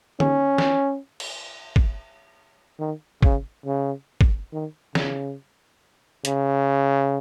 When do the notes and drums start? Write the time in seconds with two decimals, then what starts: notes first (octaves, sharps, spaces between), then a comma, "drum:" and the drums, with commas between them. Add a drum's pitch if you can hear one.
0.20 C#4, drum: tom D3
0.58 drum: snare
1.20 drum: cymbal
1.76 drum: kick
2.79 D#3
3.23 C#3, drum: kick
3.66 C#3
4.21 drum: kick
4.52 D#3
4.95 C#3, drum: snare
6.25 C#3, drum: hi-hat